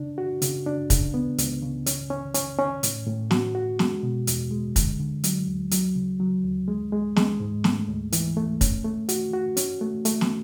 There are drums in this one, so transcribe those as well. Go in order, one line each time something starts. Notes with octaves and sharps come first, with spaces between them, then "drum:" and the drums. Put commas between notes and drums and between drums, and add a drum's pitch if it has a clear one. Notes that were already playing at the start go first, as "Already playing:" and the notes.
Already playing: C#3 D4
F#4
C#3, drum: hi-hat
D4
C#3, drum: kick, hi-hat
B3
C#2, drum: hi-hat
C#3
C#4, drum: hi-hat
C#4
C#4, drum: hi-hat
C#4
A2, drum: hi-hat
A2
F#4, drum: snare
F#4
G#3, drum: snare
B2
E2, drum: hi-hat
G#3
D3, drum: kick, hi-hat
D3
F#3, drum: hi-hat
D2
F#3, drum: hi-hat
C#3
F#3
D2
G#3
G#3
G#3, drum: snare
G#2
A3, drum: snare
D2
E3, drum: hi-hat
A3
C#4, drum: kick, hi-hat
A3
F#4, drum: hi-hat
F#4
C#4, drum: hi-hat
A3
A3, drum: hi-hat
drum: snare